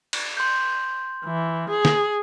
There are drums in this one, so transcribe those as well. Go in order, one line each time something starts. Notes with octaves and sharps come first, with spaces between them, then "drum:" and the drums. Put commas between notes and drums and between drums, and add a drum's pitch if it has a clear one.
drum: cymbal
C6 G6
E3
G#4
drum: snare